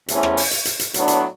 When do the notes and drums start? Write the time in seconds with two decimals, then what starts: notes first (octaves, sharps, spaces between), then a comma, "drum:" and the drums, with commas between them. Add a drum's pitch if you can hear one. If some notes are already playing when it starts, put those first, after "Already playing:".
0.08 E2 C3 E3 A3 C#4, drum: hi-hat
0.23 drum: rim click
0.37 drum: open hi-hat
0.51 drum: hi-hat
0.65 drum: hi-hat
0.79 drum: hi-hat
0.94 A2 F#3 B3 D4, drum: hi-hat
1.08 drum: hi-hat